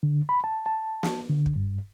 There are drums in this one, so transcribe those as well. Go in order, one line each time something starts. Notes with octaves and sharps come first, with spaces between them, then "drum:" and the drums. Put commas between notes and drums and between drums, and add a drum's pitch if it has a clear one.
D3
B5
A5
A5
drum: snare
D3
drum: kick
G2